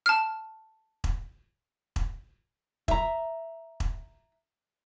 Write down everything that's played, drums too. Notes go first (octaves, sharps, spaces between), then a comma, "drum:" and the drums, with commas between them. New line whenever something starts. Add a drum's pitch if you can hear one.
A5 F6
drum: kick E1
drum: kick E1
E5 A#5, drum: kick E1
drum: kick E1